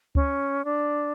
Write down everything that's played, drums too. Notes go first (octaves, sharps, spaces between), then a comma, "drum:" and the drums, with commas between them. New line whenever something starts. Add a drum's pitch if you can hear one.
C#4, drum: kick C#2
D4